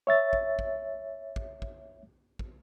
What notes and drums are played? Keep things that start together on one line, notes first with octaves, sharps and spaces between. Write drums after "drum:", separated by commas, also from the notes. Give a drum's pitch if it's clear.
C#5 E5 A6
drum: kick
drum: kick
drum: kick
drum: kick
drum: kick